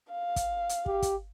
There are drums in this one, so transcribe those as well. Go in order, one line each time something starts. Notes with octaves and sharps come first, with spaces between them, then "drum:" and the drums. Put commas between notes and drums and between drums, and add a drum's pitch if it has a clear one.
F5
drum: kick, hi-hat
drum: hi-hat
G4, drum: kick
drum: kick, hi-hat